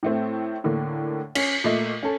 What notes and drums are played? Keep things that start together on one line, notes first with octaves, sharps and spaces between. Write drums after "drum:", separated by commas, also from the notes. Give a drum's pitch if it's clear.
A2 A3 C4
A2 D3 A#3
C#4, drum: cymbal
A#2 A3 D#5
C#4 A4